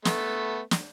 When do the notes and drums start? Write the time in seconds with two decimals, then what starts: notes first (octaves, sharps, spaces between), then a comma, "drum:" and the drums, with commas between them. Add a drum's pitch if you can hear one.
0.05 A3 B3, drum: snare
0.71 drum: snare